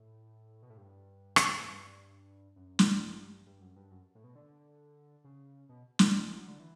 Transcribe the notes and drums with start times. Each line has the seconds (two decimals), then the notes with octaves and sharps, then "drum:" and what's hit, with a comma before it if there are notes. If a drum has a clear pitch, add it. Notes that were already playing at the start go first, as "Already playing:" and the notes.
Already playing: A2
0.62 B2
0.70 A2
0.77 G2
1.36 drum: rim click
1.60 A2
1.67 G2
2.56 F#2
2.79 G2, drum: snare
3.01 G2
3.46 G2
3.61 F#2
3.76 G2
3.91 F#2
4.15 A2
4.24 B2
4.35 D3
5.24 C#3
5.69 B2
5.99 A2, drum: snare
6.14 B2
6.26 E3
6.36 F#3
6.48 D3
6.60 E3